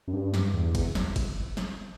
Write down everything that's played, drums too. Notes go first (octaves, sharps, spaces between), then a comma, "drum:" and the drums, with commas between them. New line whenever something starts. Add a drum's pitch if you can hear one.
F#2
G2
drum: snare
E2
drum: kick, cymbal
drum: snare
drum: kick, cymbal
drum: snare